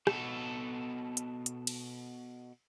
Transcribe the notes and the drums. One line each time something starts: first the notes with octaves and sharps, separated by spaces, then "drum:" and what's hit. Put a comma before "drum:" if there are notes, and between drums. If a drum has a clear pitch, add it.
B2 A4, drum: rim click
drum: hi-hat
drum: hi-hat
drum: cymbal